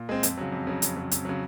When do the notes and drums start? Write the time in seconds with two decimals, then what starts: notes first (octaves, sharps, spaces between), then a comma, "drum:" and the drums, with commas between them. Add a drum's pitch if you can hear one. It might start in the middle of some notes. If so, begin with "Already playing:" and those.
Already playing: A#2
0.09 G#3 C4
0.23 F2, drum: hi-hat
0.37 C#3 F#3
0.52 F2
0.67 C#3 F#3
0.82 F2, drum: hi-hat
0.96 C#3 F#3
1.11 F2, drum: hi-hat
1.25 C#3 F#3